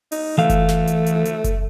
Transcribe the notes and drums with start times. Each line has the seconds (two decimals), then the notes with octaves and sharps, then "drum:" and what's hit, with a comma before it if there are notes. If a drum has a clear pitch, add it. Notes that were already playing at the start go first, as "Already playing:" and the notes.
0.12 D#4, drum: open hi-hat
0.38 E3 A3 F5
0.50 drum: kick F#1, hi-hat
0.68 drum: snare
0.87 drum: hi-hat
1.06 drum: hi-hat
1.25 drum: hi-hat
1.44 drum: kick F#1, hi-hat